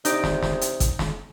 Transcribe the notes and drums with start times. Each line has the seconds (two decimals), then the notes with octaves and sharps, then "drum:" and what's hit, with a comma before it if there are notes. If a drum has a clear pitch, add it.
0.05 C3 D#4 G4 D5, drum: hi-hat
0.24 drum: snare
0.43 drum: snare
0.61 drum: hi-hat
0.80 drum: kick, hi-hat
0.99 drum: snare